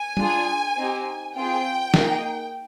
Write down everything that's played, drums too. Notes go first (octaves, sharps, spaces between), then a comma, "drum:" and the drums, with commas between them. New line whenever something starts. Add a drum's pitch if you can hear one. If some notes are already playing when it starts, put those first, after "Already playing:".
Already playing: G#5
D4 F4 G#4, drum: tom
C4 D#4 G4
C4 F4 G#4 G5
A#3 D#4 G#4, drum: snare